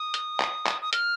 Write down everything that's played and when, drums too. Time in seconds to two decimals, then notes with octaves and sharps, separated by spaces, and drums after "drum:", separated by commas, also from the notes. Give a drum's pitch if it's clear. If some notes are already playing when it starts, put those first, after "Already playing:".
Already playing: D#6
0.14 drum: hi-hat
0.40 drum: clap
0.66 drum: clap
0.82 D#6
0.93 F6, drum: hi-hat